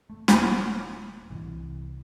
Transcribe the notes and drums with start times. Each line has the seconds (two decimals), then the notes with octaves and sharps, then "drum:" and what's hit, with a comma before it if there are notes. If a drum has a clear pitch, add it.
0.10 A3
0.28 D#1, drum: snare
1.30 C2 C3 E3 G3